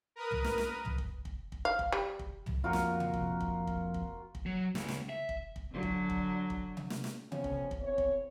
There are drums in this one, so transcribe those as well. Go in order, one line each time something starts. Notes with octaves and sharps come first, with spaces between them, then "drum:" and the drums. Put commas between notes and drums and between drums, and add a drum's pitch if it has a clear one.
A#4 B4 D#6
drum: tom
drum: snare
drum: snare
drum: tom
drum: kick
drum: kick
drum: kick
F5
drum: kick
G3
drum: kick
drum: tom
F2 A#3 F4 F#4 A#4
drum: snare
drum: tom C3
drum: kick
drum: kick
drum: kick
drum: kick
drum: kick
F#3
C#2, drum: snare
drum: snare
E5
drum: kick
drum: kick
D3 F#3
drum: kick
drum: kick
drum: kick
drum: tom C3
drum: snare
drum: snare
F2 B2 C#4, drum: tom C3
drum: kick
drum: kick
E2 C4 C#5
drum: kick